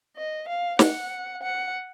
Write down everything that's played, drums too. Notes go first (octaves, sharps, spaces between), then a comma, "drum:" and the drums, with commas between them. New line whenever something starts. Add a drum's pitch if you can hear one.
D#5
F5
F#5, drum: snare
F#5